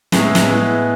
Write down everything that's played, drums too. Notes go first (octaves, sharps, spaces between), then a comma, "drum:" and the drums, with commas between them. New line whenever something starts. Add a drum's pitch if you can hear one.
A2 G#3 B3 E4, drum: snare
drum: snare
A2 G#3 B3 E4